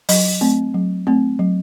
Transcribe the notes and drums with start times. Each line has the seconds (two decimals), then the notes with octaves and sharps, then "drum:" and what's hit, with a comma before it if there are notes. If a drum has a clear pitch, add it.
0.09 F#3 D#5, drum: open hi-hat
0.41 A3 C4
0.74 F#3
1.07 A3 C4
1.39 F#3